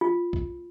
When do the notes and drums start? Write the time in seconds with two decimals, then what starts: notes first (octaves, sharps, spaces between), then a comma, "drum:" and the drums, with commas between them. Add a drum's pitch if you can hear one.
0.01 F4
0.33 drum: kick